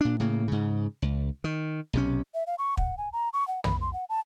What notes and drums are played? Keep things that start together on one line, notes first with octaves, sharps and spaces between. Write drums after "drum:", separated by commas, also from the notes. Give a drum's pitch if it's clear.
A#2 D4
A2 C#3 A#3
G#2 C#3
C#2
D#3
B1 C3 C#4
E5
F5
C#6
F#5, drum: kick
G#5
A#5
C#6
F#5
B5, drum: tom
C6
F#5
A5